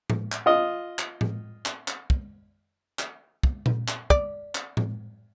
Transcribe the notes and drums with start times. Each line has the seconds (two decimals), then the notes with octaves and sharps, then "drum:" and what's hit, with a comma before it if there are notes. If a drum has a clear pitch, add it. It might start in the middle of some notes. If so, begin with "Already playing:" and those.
0.10 drum: tom A2
0.32 drum: clap
0.46 F4 D#5
0.99 drum: clap
1.21 drum: tom A2
1.65 drum: clap
1.88 drum: clap
2.10 drum: kick
2.99 drum: clap
3.43 drum: kick
3.66 drum: tom A#2
3.88 drum: clap
4.10 D5, drum: kick
4.55 drum: clap
4.77 drum: tom A2